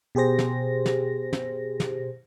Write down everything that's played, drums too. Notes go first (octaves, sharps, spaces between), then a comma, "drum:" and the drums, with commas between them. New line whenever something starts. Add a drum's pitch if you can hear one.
B2 G4 G#4 C5 A#6
drum: snare
drum: snare
drum: snare
drum: snare